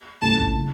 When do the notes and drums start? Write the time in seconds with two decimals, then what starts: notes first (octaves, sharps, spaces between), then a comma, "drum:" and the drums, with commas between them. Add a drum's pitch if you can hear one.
0.22 C2 A#2 A3 C#4 A5
0.38 drum: kick A1
0.56 C#3